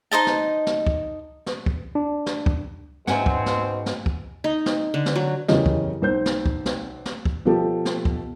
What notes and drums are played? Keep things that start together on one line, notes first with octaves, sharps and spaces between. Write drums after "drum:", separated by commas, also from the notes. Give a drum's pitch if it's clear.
D#4 C5 D#5 A5
drum: snare
drum: snare
drum: kick
drum: snare
drum: kick
D4
drum: snare
drum: kick
G#2 B2 G#3 C4 C#4 E5 F#5 G#5, drum: snare
drum: kick
drum: snare
drum: snare
drum: kick
D#4
drum: snare
D3
drum: snare
F#3
F#1 E2 C#3 C#4 G4 D#5, drum: snare
drum: kick
B1 C5 G6
drum: snare
drum: kick
drum: snare
drum: snare
drum: kick
B2 F3 G4 A4 A5
drum: snare
drum: kick